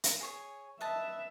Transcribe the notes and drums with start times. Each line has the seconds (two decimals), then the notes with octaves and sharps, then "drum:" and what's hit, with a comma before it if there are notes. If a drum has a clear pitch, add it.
0.04 drum: hi-hat
0.21 G#4 C#5 G#5
0.81 B4 D#5 E5 A5